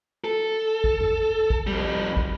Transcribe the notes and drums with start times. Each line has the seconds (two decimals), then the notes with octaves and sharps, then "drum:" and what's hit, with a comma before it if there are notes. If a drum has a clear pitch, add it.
0.24 A4
0.84 drum: kick
1.01 drum: tom F2
1.50 drum: kick
1.67 F2 G3
2.17 drum: kick